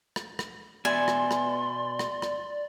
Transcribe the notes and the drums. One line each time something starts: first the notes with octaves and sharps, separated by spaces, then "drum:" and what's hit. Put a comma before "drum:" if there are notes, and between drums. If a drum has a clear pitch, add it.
drum: rim click
drum: rim click
B2 B3 D5 E5 G#5 C6
drum: rim click
drum: rim click
drum: rim click
drum: rim click